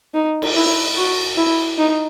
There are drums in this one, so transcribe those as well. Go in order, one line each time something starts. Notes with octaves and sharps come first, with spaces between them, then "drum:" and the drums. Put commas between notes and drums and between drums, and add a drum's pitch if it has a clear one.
D#4
drum: cymbal
E4
F#4
E4
D#4